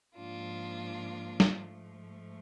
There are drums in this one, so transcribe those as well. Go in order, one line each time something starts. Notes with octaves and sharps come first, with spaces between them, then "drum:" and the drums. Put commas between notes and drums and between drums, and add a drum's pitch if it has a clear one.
G#2 F3 A#3 D4 F4
drum: snare
G#2 F3 A3